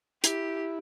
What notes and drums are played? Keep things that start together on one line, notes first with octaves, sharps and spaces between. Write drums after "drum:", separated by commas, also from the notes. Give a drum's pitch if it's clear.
E4 G4, drum: hi-hat